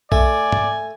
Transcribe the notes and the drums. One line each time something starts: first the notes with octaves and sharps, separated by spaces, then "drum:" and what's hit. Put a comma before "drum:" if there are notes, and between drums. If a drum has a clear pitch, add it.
A3 D5 G#5, drum: kick
drum: tom